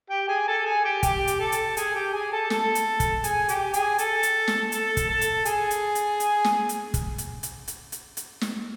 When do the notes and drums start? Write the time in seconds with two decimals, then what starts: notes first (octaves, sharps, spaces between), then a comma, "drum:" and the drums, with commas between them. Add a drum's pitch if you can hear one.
0.10 G4 G5
0.28 G#4 G#5
0.48 A4 A5
0.65 G#4 G#5
0.84 G4 G5
1.03 G4 G5, drum: kick, hi-hat
1.27 drum: hi-hat
1.40 A4 A5
1.52 drum: hi-hat
1.77 G#4 G#5, drum: hi-hat
1.95 G4 G5
2.13 G#4 G#5
2.32 A4 A5
2.50 A4 A5, drum: snare
2.75 drum: hi-hat
3.00 drum: kick, hi-hat
3.24 G#4 G#5, drum: hi-hat
3.49 G4 G5, drum: hi-hat
3.74 G#4 G#5, drum: hi-hat
3.98 A4 A5, drum: hi-hat
4.23 drum: hi-hat
4.48 drum: snare
4.72 A4 A5, drum: hi-hat
4.97 drum: kick, hi-hat
5.09 A4 A5
5.21 drum: hi-hat
5.45 G#4 G#5, drum: hi-hat
5.71 drum: hi-hat
5.95 drum: hi-hat
6.20 drum: hi-hat
6.44 drum: snare
6.69 drum: hi-hat
6.94 drum: kick, hi-hat
7.18 drum: hi-hat
7.43 drum: hi-hat
7.68 drum: hi-hat
7.92 drum: hi-hat
8.17 drum: hi-hat
8.41 drum: snare